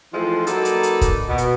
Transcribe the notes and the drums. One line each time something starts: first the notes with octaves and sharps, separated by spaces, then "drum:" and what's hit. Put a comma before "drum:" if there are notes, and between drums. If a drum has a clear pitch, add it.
E3 F3 G#3 A3 C4 F4
F#3 A#3 D#4 A4 B4 D5, drum: hi-hat
drum: hi-hat
drum: hi-hat
drum: kick, hi-hat
B2
drum: hi-hat